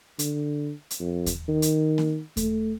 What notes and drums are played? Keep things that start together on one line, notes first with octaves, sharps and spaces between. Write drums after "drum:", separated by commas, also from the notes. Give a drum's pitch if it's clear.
D3, drum: hi-hat
drum: hi-hat
F2
drum: kick D#2, hi-hat
D#3
drum: hi-hat
drum: snare A#3
A3, drum: kick D#2, hi-hat